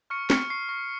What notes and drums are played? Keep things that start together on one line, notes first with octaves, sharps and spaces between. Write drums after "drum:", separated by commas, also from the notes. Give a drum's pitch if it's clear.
C#6 F6 C#7
C#6 F6 C#7, drum: snare
C#6 C7
C#6